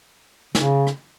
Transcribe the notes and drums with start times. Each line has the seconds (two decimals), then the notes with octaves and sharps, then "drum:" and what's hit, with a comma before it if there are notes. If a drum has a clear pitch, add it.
0.55 C#3, drum: snare
0.87 drum: rim click